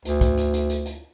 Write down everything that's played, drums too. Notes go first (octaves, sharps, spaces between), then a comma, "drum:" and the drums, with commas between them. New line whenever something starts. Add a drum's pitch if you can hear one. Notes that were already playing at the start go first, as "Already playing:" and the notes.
D2, drum: hi-hat
drum: kick, hi-hat
drum: hi-hat
drum: hi-hat
drum: hi-hat
drum: hi-hat